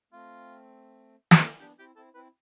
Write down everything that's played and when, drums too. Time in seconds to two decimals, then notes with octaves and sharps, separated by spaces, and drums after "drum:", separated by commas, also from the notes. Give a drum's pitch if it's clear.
0.13 A3 C4 F4
1.31 drum: snare
1.59 B3 D4 G4
1.78 C4 E4 G4
1.96 C4 E4 A4
2.15 C4 E4 B4